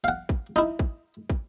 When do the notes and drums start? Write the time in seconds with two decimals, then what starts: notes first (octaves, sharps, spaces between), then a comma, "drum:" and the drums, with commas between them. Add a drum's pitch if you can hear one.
0.04 F5 F#5
0.29 drum: kick
0.56 D#4 E4
0.79 drum: kick
1.30 drum: kick